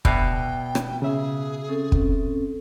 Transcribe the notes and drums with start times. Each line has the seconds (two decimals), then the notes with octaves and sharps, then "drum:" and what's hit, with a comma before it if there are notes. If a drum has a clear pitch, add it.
0.05 B2 D5 E5 G5 A5, drum: kick
0.75 drum: rim click
1.02 C#3 G#4 E5
1.68 C4 C#4 A4
1.92 drum: kick